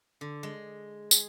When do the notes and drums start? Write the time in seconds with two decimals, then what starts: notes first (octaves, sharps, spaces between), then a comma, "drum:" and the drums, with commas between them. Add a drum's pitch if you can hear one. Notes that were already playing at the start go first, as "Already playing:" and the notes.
0.21 D3
0.43 G#3
1.11 G#4, drum: tambourine